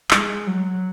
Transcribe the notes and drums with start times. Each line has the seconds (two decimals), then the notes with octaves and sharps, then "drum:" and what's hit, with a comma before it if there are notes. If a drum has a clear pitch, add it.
0.11 G#3, drum: clap
0.47 F#3